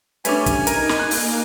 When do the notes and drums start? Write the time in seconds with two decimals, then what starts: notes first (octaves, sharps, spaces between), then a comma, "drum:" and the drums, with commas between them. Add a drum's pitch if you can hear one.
0.25 G3 A3 C#4 D4 B4 G#5, drum: hi-hat
0.46 drum: kick, hi-hat
0.67 D#4 A#4, drum: hi-hat
0.89 drum: snare
0.99 A#3 F#6
1.11 drum: open hi-hat